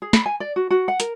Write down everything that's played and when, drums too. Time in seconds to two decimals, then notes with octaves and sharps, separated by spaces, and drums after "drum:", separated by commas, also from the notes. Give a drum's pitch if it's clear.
0.02 G#4
0.13 B5, drum: snare
0.26 G#5
0.40 D5
0.56 F#4
0.70 F#4
0.88 F#5
1.00 A#4, drum: hi-hat